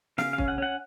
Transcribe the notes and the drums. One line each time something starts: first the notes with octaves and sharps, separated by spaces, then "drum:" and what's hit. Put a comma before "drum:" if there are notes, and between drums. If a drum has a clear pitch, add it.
C#3 F5, drum: snare
F5
C#4, drum: kick
F#5
C#4 F#5